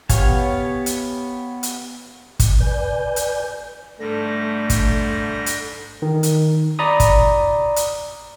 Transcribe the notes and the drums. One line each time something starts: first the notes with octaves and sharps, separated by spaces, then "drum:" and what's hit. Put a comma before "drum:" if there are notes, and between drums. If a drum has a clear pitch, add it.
B3 G4 C#5 F5 G#5, drum: kick, hi-hat
drum: hi-hat
drum: hi-hat
drum: kick, hi-hat
B4 D5 G#5 G6
drum: hi-hat
G#2 D3 G3 A3 A#6
drum: kick, hi-hat
drum: hi-hat
D#3
drum: hi-hat
D5 A#5 B5 D#6
drum: kick, hi-hat
drum: hi-hat